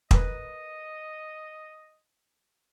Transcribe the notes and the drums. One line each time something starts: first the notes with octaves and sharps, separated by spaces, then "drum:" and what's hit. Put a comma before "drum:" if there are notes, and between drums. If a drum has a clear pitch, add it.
A#4 B4 D#5, drum: kick